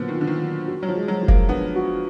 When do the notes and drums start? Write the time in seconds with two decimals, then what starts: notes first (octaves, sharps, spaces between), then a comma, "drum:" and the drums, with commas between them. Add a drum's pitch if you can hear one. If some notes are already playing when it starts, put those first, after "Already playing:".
Already playing: A#2 D3 F3 F#3 B3
0.08 D#3
0.15 F4
0.21 D3
0.27 D#3
0.41 F#3
0.68 F#4
0.83 F#3
0.88 F3
0.95 G#3
1.08 F#3
1.22 F3
1.28 A#3, drum: kick F1
1.49 B3 D4
1.76 F#4